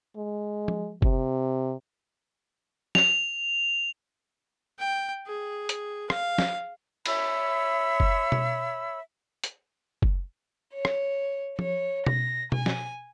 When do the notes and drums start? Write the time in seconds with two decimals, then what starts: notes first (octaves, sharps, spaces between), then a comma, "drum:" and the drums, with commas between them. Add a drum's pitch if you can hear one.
0.16 G#3
0.68 drum: tom F3
1.02 C3, drum: kick F#1
2.95 F7, drum: snare
4.79 G5
5.27 G#4
5.69 drum: hi-hat
6.10 F5, drum: rim click
6.38 drum: snare
7.06 C#5 E5 B5 E6, drum: cymbal
8.00 drum: kick F#1
8.32 drum: tom B2
9.44 drum: hi-hat
10.02 drum: kick F#1
10.74 C#5
10.85 drum: rim click
11.59 C#5, drum: tom F3
12.06 A#6, drum: tom B2
12.52 G#5, drum: tom B2
12.66 drum: snare